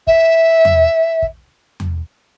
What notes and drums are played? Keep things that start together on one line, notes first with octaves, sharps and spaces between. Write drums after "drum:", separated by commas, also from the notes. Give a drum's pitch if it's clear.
E5, drum: kick
drum: tom E2
drum: kick
drum: tom E2